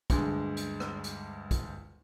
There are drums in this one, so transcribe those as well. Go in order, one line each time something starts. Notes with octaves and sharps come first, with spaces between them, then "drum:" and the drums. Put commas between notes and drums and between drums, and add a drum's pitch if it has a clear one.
D2 G2 G#3, drum: kick, hi-hat
drum: hi-hat
drum: rim click
drum: hi-hat
drum: kick, hi-hat